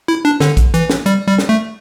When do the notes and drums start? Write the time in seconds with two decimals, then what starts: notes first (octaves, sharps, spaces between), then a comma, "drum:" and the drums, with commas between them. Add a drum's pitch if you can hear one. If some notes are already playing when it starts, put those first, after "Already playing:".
0.08 E4
0.25 D4
0.40 D3, drum: snare
0.57 drum: kick, hi-hat
0.74 E3, drum: hi-hat
0.90 drum: snare
1.06 G3, drum: hi-hat
1.28 G3
1.38 drum: snare
1.49 A3